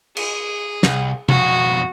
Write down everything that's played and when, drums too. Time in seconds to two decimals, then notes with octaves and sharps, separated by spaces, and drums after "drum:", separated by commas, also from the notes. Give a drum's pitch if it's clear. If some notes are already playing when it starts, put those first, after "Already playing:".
0.17 G#4, drum: cymbal
0.83 C2, drum: snare
1.29 F2 B2 F#4, drum: tom